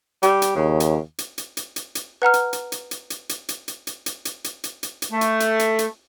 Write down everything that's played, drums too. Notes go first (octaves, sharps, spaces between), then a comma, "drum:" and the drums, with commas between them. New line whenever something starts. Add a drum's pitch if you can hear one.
G3, drum: hi-hat
drum: hi-hat
D#2 C#3
drum: hi-hat
drum: hi-hat
drum: hi-hat
drum: hi-hat
drum: hi-hat
drum: hi-hat
B4 F#5 A#5 F6
drum: hi-hat
drum: hi-hat
drum: hi-hat
drum: hi-hat
drum: hi-hat
drum: hi-hat
drum: hi-hat
drum: hi-hat
drum: hi-hat
drum: hi-hat
drum: hi-hat
drum: hi-hat
drum: hi-hat
drum: hi-hat
drum: hi-hat
A3
drum: hi-hat
drum: hi-hat
drum: hi-hat
drum: hi-hat